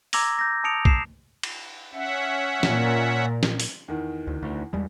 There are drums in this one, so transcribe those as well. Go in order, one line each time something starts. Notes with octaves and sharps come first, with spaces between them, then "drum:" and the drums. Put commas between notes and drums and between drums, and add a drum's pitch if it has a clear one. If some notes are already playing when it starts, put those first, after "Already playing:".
A#5 D6 E6 G#6 A#6, drum: open hi-hat
G6 A#6
A5 D#6 C#7 D7 F7
C7 E7, drum: kick B1
drum: cymbal
C#4 E5 F#5
A#2, drum: snare
drum: snare
drum: open hi-hat
E2 D#3
D2
D2
E2 G3 G#3